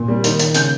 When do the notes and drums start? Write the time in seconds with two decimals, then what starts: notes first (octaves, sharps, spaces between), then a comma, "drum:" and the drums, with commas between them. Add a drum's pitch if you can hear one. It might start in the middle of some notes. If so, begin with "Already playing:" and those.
Already playing: A#2
0.08 G3 A#3
0.24 D#3, drum: hi-hat
0.39 A#3, drum: hi-hat
0.54 C#3 G6, drum: hi-hat